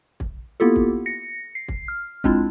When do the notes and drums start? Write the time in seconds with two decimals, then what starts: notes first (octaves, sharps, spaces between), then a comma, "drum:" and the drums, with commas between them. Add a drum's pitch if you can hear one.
0.20 drum: kick
0.60 A#3 B3 E4 F4 G4 A4
0.76 drum: kick
1.06 A#6 C#7
1.55 C7
1.68 drum: kick
1.88 F6
2.24 G#3 C4 D4 E4 F4, drum: kick